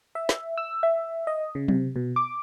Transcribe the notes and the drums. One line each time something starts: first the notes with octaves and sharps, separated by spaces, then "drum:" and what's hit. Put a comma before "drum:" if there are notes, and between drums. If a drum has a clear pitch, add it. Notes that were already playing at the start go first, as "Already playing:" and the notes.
E5
drum: snare
E6
E5
D#5
C#3
C3, drum: tom F#3
B2
D6